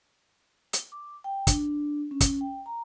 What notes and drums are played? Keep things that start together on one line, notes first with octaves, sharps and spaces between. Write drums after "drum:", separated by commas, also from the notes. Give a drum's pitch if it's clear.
drum: hi-hat
D6
G5
D4, drum: kick, hi-hat
C#4
drum: kick, hi-hat
G5
A#5